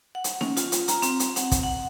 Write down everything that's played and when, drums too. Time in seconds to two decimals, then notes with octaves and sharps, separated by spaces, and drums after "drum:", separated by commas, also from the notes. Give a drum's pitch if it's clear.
0.15 F#5
0.24 drum: hi-hat
0.41 C#4, drum: snare D#4
0.57 F4, drum: hi-hat
0.72 drum: hi-hat
0.88 A#5, drum: hi-hat
1.02 C4, drum: hi-hat
1.20 drum: hi-hat
1.36 F#5, drum: hi-hat
1.51 drum: kick, hi-hat
1.63 F#5